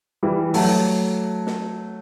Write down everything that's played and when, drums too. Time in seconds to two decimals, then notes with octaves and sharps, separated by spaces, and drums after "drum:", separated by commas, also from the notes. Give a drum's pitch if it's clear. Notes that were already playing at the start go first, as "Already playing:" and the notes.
0.23 E3 G3
0.54 F#3 A3, drum: open hi-hat
1.47 drum: snare